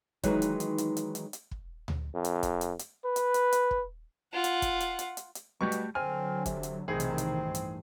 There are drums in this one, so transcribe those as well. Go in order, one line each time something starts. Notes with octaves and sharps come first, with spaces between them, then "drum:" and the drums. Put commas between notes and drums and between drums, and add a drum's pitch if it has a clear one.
D#3 E3 F#3 G#3 D#4 B4, drum: kick, hi-hat
drum: hi-hat
drum: hi-hat
drum: hi-hat
drum: hi-hat
drum: hi-hat
drum: hi-hat
drum: kick
drum: tom D2
F2
drum: hi-hat
drum: kick, hi-hat
drum: hi-hat
drum: hi-hat
B4
drum: hi-hat
drum: hi-hat
drum: hi-hat
drum: kick
F4 F#5
drum: hi-hat
drum: kick, hi-hat
drum: hi-hat
drum: hi-hat
drum: hi-hat
drum: hi-hat
B2 G3 A3 F#4 G4 C#6
drum: hi-hat
D3 F#3 C4 G#5 F6
C3, drum: kick, hi-hat
drum: hi-hat
B1 A2 C3 D#3 E3 C4 D#4 G#4
drum: hi-hat
drum: hi-hat
G2
drum: hi-hat